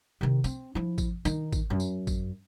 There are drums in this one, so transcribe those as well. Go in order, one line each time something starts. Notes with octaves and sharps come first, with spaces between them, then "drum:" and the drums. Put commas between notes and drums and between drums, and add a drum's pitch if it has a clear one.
C3 D#3
C4, drum: tambourine
F3 E4
drum: kick, tambourine
D#3 D#4, drum: tambourine
drum: kick, tambourine
F#2
drum: tambourine
drum: kick, tambourine